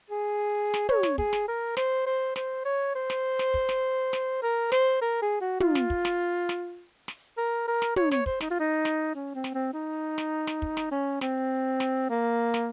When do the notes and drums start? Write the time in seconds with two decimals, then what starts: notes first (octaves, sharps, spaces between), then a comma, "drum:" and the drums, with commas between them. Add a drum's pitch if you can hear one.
0.10 G#4
0.74 drum: snare
0.89 C#5, drum: tom
1.03 drum: snare
1.18 G#4, drum: kick
1.33 drum: snare
1.48 A#4
1.77 C5, drum: snare
2.06 C5
2.36 C5, drum: snare
2.65 C#5
2.95 C5
3.10 drum: snare
3.39 drum: snare
3.54 drum: kick
3.69 drum: snare
4.13 drum: snare
4.42 A#4
4.72 C5, drum: snare
5.01 A#4
5.22 G#4
5.41 F#4
5.60 F4, drum: tom
5.75 drum: snare
5.90 drum: kick
6.05 drum: snare
6.49 drum: snare
7.08 drum: snare
7.37 A#4
7.68 A#4
7.82 drum: snare
7.96 C#5, drum: tom
8.11 C#5, drum: snare
8.26 C5, drum: kick
8.41 D#4, drum: snare
8.50 F4
8.59 D#4
8.85 drum: snare
9.14 C#4
9.34 C4
9.44 drum: snare
9.54 C4
9.73 D#4
10.18 drum: snare
10.47 drum: snare
10.62 drum: kick
10.77 drum: snare
10.91 C#4
11.21 C4, drum: snare
11.80 drum: snare
12.09 A#3
12.54 drum: snare